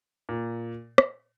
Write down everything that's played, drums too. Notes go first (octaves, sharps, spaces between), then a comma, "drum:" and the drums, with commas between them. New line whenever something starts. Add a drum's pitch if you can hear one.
A#2
drum: rim click